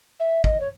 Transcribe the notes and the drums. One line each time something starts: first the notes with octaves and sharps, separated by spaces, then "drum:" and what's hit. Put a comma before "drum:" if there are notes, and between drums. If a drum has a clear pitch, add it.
E5
D#5, drum: kick
C#5